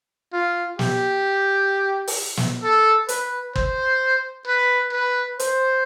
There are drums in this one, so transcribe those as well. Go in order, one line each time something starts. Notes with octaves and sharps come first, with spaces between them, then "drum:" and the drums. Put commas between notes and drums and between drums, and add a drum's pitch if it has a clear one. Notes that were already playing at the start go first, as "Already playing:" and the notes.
F4
G4, drum: snare
drum: open hi-hat
drum: snare
A4
B4, drum: hi-hat
C5, drum: kick
B4
B4
C5, drum: hi-hat